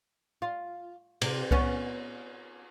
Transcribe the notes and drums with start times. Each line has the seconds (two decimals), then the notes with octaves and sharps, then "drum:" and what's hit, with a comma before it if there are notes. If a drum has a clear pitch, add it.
0.42 F4
1.21 C3, drum: cymbal
1.51 B3 C#4, drum: kick C2